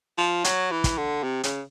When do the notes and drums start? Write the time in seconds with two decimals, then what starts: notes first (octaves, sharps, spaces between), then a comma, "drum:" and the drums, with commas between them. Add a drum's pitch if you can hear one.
0.18 F3
0.44 F#3, drum: hi-hat
0.71 E3
0.84 drum: kick, hi-hat
0.97 D3
1.23 C3
1.43 C#3, drum: hi-hat